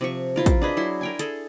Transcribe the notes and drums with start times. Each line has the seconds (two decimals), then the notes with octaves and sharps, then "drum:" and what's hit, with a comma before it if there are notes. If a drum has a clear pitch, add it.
0.01 C3 F3 C#6
0.36 E4 F4 A#4
0.46 drum: kick, hi-hat
0.62 D4 G#4 B4 D#5
0.77 F#3 E4 C6
1.01 A#4 G5 G#5
1.19 G#4 A4, drum: hi-hat